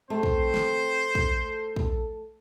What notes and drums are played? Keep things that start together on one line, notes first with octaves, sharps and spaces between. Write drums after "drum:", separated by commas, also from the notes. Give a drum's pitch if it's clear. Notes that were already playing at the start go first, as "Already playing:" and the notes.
A3 C4 C5
drum: kick
drum: snare
A4, drum: kick
drum: kick